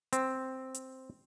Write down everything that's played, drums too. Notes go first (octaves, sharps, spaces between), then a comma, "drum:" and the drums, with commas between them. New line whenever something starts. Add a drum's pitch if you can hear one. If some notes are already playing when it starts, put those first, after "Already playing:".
C4, drum: hi-hat
drum: hi-hat